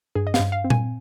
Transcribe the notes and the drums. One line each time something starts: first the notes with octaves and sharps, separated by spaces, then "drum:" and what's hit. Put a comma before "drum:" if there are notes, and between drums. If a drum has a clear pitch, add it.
G2 G#4
D#5
F5, drum: snare
G2
F5
C4
G#5, drum: tom A#2